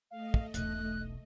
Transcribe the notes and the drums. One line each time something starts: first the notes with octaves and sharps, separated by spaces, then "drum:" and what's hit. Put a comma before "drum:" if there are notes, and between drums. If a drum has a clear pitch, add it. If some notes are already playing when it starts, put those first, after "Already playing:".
A3 D#5 F5
drum: kick
E1 B1 F#6, drum: hi-hat